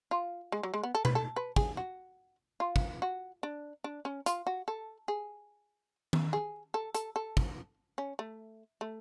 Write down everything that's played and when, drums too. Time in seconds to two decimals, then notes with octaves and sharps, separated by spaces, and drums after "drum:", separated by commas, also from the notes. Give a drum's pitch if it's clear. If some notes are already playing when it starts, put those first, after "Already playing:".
0.11 F4
0.52 G#3
0.63 F#3
0.74 G#3
0.83 B3
0.95 A4
1.05 B4, drum: tom B2
1.15 A4
1.36 B4
1.56 G#4, drum: kick
1.77 F#4
2.60 F4
2.76 drum: kick
3.02 F#4
3.43 D4
3.84 D4
4.05 C#4
4.26 F4, drum: hi-hat
4.47 F#4
4.68 A4
5.08 G#4
6.13 drum: tom D#3
6.33 G#4
6.74 A4
6.95 A4, drum: hi-hat
7.16 A4
7.37 drum: kick
7.98 C#4
8.19 A3
8.81 A3